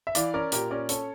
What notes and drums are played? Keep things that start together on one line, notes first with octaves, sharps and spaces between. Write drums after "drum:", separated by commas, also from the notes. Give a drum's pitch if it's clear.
E5
E3 D5 F5, drum: hi-hat
C#4 A#4 D5
A#2 G4 A#4, drum: hi-hat
C#4 A#4 D5
C#4 A4 C#5, drum: hi-hat